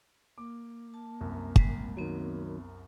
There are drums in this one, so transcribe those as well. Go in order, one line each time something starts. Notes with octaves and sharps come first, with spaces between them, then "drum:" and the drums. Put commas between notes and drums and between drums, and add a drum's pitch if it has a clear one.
A#3 D6
A5
C2 F#2
G3 G#3 C4, drum: kick
D#3 F#3 B3 C4